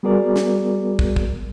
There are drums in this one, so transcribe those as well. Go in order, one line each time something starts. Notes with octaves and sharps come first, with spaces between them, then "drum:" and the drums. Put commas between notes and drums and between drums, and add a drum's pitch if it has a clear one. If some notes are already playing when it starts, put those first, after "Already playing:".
G3 B3 F#4 G#4 A#4 D5
drum: snare
drum: kick
drum: kick